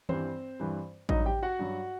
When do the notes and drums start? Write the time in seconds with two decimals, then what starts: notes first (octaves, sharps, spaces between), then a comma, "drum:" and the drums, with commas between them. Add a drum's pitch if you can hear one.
0.09 G2 E3 G3 C4 C5, drum: tom D#3
0.60 G2 E3 G3
1.09 G2 F#3 D#4 D#5, drum: kick A1
1.26 G4 G5
1.43 F#4 F#5
1.59 G2 F#3